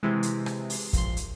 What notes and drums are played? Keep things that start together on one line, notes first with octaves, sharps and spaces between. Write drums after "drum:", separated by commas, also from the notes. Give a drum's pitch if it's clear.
C3 E3 G#3
drum: hi-hat
drum: rim click
drum: open hi-hat
A#1 C6, drum: kick, hi-hat
drum: hi-hat